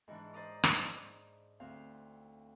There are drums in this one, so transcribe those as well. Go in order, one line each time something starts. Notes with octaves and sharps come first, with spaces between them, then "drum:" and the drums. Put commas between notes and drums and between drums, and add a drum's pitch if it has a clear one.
G#2 E3 D4
C5 D5 D#5 A#5 D6
drum: rim click
D2 C4 F5